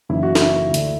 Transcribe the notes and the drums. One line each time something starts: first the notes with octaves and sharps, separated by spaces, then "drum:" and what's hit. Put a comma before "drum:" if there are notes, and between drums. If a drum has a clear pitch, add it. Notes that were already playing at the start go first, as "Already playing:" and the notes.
F#1 F#2 E3 E4
F#4
E4, drum: snare
D2
D3, drum: hi-hat